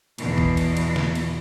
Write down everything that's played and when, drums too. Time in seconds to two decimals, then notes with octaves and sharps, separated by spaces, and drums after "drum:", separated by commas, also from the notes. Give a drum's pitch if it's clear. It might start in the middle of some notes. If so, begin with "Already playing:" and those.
0.18 E2 B2, drum: cymbal
0.38 drum: kick
0.57 drum: cymbal
0.77 drum: cymbal
0.96 drum: snare
1.15 drum: cymbal